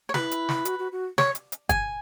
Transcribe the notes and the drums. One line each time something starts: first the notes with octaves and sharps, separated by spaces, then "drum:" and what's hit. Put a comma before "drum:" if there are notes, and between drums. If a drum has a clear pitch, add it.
C#5
E4 F#4 B4, drum: snare
drum: hi-hat
drum: snare
F#4, drum: hi-hat
F#4
F#4
C#5, drum: snare
drum: hi-hat
drum: hi-hat
G#5, drum: kick, hi-hat